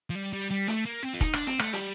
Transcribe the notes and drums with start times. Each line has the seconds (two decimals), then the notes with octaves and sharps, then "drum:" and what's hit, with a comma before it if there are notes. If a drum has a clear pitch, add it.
0.10 F3
0.15 G3
0.33 G3
0.51 G3
0.68 A3, drum: hi-hat
0.86 A#3
1.03 C4
1.14 F4
1.21 D#4, drum: kick, hi-hat
1.33 D4, drum: rim click
1.47 C4, drum: hi-hat
1.59 A3, drum: rim click
1.73 G3, drum: hi-hat